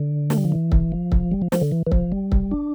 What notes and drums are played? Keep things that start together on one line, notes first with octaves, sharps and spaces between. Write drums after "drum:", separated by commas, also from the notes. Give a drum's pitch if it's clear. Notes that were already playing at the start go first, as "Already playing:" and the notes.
Already playing: D3
A3, drum: snare
G3
F3
E3
drum: kick
F3
drum: kick
G3
F3
F3, drum: snare
D3
E3
E3
F3, drum: kick
G3
drum: kick
D4